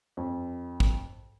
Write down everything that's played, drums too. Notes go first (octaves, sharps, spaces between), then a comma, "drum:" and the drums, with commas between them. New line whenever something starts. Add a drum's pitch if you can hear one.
F2
drum: kick